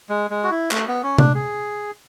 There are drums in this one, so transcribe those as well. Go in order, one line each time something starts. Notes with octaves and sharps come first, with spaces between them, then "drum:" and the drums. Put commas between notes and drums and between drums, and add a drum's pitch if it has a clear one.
G#3
G#3
F#4
E4
A3, drum: clap
B3
C#4
D4, drum: tom C3
G#4